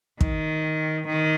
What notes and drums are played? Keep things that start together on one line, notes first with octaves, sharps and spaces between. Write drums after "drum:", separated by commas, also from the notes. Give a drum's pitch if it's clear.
D#3, drum: kick
D#3